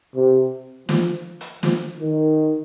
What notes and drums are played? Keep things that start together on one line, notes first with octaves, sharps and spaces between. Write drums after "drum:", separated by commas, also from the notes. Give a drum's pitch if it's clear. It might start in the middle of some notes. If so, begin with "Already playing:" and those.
C3
F3, drum: snare
drum: hi-hat
F3, drum: snare
D#3